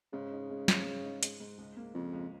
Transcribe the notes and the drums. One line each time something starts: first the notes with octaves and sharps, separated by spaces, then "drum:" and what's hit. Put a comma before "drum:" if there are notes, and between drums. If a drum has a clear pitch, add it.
G#2 C#3
D#4
G#3
G#2, drum: snare
G#2
D#4
G#3, drum: hi-hat
G#2
C#2
A#3
F2 C#3
C#2